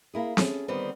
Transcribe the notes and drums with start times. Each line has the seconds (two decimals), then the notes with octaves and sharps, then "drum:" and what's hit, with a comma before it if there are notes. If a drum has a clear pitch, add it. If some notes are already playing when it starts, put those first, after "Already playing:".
0.14 A#3 E4 G#4
0.37 C#4 G#4 A4, drum: snare C4
0.68 D3 D#3 G3 B3 C4